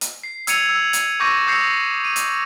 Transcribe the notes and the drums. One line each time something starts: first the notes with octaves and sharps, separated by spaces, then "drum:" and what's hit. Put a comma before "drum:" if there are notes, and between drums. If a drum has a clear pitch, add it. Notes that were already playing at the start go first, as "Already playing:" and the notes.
drum: hi-hat
C7
E6 G#6 C#7 D#7 F7, drum: hi-hat
E6
drum: hi-hat
C#6 D6 E6 G6 A#6 D#7
D#6 E6 G6 A#6 C7 C#7
D#7
drum: hi-hat